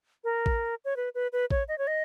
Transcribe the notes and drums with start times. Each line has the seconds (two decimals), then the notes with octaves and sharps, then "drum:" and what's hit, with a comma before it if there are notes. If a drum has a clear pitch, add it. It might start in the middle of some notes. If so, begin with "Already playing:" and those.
0.24 A#4
0.46 drum: kick A1
0.85 C#5
0.96 B4
1.15 B4
1.33 B4
1.51 C#5, drum: kick A1
1.68 D#5
1.78 C#5
1.87 D#5